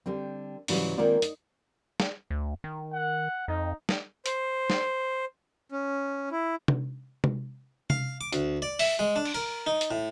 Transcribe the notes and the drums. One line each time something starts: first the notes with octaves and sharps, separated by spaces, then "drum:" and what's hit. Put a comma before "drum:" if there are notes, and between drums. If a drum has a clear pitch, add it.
D3 G3 C4
G#2 C#3 E3 F#3 G3, drum: open hi-hat
D#3 G#3 A#3 C4 F4 D5
D#4, drum: hi-hat
drum: snare
D2
D#3
F#5
F2 D#4
drum: snare
C5, drum: hi-hat
drum: snare
C#4
E4
drum: tom C3
drum: tom C3
F5, drum: tom C3
D6
D2, drum: hi-hat
D5
E5, drum: open hi-hat
G#3
D4
drum: cymbal
A#4
D#4
drum: hi-hat
A2